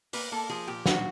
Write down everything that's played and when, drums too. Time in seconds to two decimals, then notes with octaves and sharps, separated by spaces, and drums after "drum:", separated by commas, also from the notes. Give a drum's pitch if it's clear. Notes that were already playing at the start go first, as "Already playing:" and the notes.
0.13 A#3 B4, drum: open hi-hat
0.32 A#3 A4
0.49 F3 G#4
0.67 A#2 G4
0.86 A#2 F#4, drum: snare